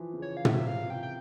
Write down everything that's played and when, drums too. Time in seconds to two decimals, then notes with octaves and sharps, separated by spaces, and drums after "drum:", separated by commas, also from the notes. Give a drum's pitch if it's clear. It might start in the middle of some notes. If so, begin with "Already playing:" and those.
Already playing: E3 F3
0.14 C#3
0.22 C#5
0.37 F5
0.45 C3 E5, drum: tom
0.67 F5
0.90 G5
1.03 G5